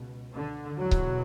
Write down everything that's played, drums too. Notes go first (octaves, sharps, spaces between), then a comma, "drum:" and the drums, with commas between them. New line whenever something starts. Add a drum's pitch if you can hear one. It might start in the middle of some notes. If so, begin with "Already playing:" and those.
Already playing: C#2 B2
D3
E2 B2 F#3
drum: kick C#1